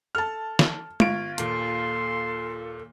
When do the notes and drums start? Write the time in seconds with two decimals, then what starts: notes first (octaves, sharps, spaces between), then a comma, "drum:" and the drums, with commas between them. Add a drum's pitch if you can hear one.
0.15 A4 A5 F6
0.59 drum: snare
1.00 G1 F4 C#6 G#6 D7, drum: tom
1.38 D#1 A#2 A4 C6, drum: hi-hat